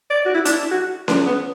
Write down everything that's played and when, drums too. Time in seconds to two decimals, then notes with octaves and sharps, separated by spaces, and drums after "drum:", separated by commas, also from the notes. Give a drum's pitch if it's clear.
0.10 D5
0.26 F#4
0.34 E4
0.45 D4, drum: hi-hat
0.53 E4
0.71 F#4
1.08 D4, drum: snare C#4
1.26 B3